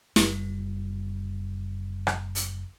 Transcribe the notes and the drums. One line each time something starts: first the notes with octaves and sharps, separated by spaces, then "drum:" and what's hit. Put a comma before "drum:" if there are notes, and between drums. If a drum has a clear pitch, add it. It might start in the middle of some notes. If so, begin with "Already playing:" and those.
F#1 G3, drum: snare
drum: rim click
drum: hi-hat